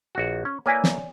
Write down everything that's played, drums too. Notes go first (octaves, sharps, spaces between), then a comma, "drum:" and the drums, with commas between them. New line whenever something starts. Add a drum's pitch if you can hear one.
A#1 F#4
C#4
A#3 E4 B4 C#5 D5 G#5
drum: snare